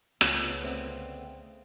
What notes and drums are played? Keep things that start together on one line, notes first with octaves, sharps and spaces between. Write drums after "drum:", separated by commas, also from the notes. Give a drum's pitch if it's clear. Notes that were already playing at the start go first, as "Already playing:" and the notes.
C#2 C#3 A3 B3 F4 C#5, drum: rim click
D3 A3 C4 E5